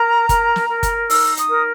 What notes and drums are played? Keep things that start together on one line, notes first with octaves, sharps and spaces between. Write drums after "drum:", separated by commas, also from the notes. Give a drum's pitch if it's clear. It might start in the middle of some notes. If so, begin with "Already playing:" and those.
Already playing: A#4 A#5
A#4, drum: kick, hi-hat
drum: snare
A#4
drum: kick, hi-hat
D#4 E6, drum: open hi-hat
D#6, drum: hi-hat
A#4